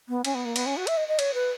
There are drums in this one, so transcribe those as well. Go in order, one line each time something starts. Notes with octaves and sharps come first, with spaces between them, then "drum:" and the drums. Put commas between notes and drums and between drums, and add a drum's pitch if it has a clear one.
B3
C#4, drum: cymbal
B3
A#3
B3, drum: cymbal
C#4
F#4
E5, drum: cymbal
D#5
D#5
C#5, drum: cymbal
B4